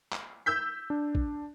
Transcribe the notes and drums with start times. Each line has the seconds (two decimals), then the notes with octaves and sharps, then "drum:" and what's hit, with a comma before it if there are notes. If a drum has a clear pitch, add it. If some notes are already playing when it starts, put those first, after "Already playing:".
0.13 drum: clap
0.46 E6 G6 B6
0.90 D4
1.15 drum: kick